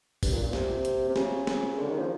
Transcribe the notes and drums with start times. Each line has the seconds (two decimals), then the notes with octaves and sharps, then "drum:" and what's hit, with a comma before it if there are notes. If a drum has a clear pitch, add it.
0.23 G2, drum: kick, open hi-hat
0.32 A#2
0.43 A#2
0.53 C3, drum: snare
0.85 drum: hi-hat
1.09 C3
1.16 C#3, drum: snare
1.47 drum: snare
1.79 D3
1.89 D#3
1.99 F3